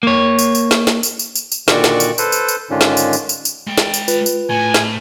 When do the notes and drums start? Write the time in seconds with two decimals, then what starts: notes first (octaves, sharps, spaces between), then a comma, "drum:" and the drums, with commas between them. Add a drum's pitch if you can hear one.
0.03 A#3 C#5
0.39 drum: tambourine
0.55 drum: tambourine
0.71 drum: snare
0.87 drum: snare
1.03 drum: tambourine
1.19 drum: tambourine
1.35 drum: tambourine
1.52 drum: tambourine
1.68 A#2 D3 D#3 F#4 D5 C#6, drum: snare
1.84 drum: snare
2.00 drum: tambourine
2.18 A4 B4 C5, drum: tambourine
2.32 drum: tambourine
2.48 drum: tambourine
2.70 G#2 D3 D#3 C#4 D4 F4
2.81 drum: snare
2.97 drum: tambourine
3.13 drum: tambourine
3.29 drum: tambourine
3.45 drum: tambourine
3.67 G#3 G5
3.78 drum: snare
3.94 drum: tambourine
4.08 F4 B4, drum: tambourine
4.26 drum: tambourine
4.50 A2 G#5
4.74 drum: snare